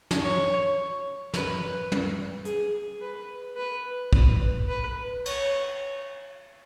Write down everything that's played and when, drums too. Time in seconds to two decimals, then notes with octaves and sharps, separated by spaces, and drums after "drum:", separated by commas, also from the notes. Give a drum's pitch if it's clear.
0.11 drum: snare
0.21 C#5
1.34 B4, drum: snare
1.92 drum: tom
2.45 G#4, drum: hi-hat
3.01 B4
3.57 B4
4.13 B4, drum: kick
4.68 B4
5.25 C#5, drum: cymbal